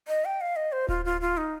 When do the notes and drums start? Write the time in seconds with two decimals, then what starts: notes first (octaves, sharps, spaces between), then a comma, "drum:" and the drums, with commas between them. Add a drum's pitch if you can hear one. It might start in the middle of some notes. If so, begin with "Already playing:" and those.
0.08 D#5
0.25 G5
0.41 F5
0.56 D#5
0.72 C5
0.88 F4, drum: kick D1
1.05 F4
1.21 F4
1.37 D#4